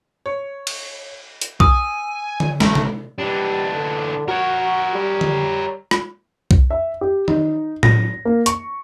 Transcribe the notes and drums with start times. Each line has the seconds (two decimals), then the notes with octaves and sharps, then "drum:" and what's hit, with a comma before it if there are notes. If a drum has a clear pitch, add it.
0.26 C#5
0.67 drum: cymbal
1.42 drum: hi-hat
1.60 G#5 D#6 E6, drum: kick B1
2.40 drum: tom D3
2.60 A1 D3 A3 A#5, drum: snare
2.75 drum: tom C3
3.19 E3 G3 D4
3.74 D3
4.28 F#4 A#4 C#5
4.95 G3
5.21 drum: tom D3
5.91 drum: rim click
6.51 drum: kick B1
6.70 E5
7.01 G4
7.28 D#4, drum: tom D#3
7.83 A#6, drum: tom A2
8.25 A#3
8.46 C#6, drum: hi-hat